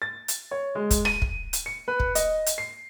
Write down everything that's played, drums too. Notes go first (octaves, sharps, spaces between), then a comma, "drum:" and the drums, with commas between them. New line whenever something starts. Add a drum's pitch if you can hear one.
A6
drum: hi-hat
C#5
G#3
drum: kick, hi-hat
D#7, drum: rim click
drum: kick
drum: hi-hat
C#7
B4
drum: kick
D#5, drum: hi-hat
drum: hi-hat
C7